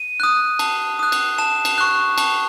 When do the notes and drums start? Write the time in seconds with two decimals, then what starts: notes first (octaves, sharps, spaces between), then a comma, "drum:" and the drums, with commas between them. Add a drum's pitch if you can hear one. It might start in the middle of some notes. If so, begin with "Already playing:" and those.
Already playing: D#7
0.20 D#6 F#6
0.59 A5, drum: cymbal
0.99 D#6 F#6
1.12 drum: cymbal
1.38 A5 E7
1.65 drum: cymbal
1.78 C#6 F#6
2.18 A5, drum: cymbal